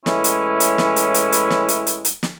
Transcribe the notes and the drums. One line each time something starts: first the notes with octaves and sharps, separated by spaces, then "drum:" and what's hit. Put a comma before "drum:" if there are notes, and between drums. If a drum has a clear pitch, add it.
A2 E3 G#3 C#4 E4, drum: snare
drum: hi-hat
drum: hi-hat
drum: snare
drum: hi-hat
drum: hi-hat
drum: hi-hat
drum: snare
drum: hi-hat
drum: hi-hat
drum: hi-hat
drum: snare